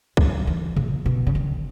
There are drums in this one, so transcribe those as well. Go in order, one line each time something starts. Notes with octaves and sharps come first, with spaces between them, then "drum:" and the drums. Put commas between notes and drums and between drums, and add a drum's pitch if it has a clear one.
F#3, drum: kick C2
E3
A#2, drum: tom C3
B2
C#3
D#3